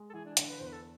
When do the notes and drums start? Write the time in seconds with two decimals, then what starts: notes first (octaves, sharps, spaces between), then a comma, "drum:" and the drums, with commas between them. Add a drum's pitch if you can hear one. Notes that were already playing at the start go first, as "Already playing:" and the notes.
Already playing: G#3
0.10 A4
0.13 E3 G#4
0.25 D4
0.37 D3 D4, drum: hi-hat
0.49 B4
0.60 E2 C5
0.67 B4
0.72 A4